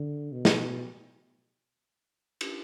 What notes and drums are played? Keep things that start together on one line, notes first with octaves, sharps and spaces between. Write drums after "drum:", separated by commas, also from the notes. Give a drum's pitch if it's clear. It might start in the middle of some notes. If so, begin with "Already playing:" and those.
Already playing: D3
B2
drum: snare
drum: cymbal